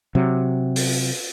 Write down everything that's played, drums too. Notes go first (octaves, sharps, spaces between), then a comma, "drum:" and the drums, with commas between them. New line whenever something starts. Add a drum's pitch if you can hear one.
C3 F#3
drum: open hi-hat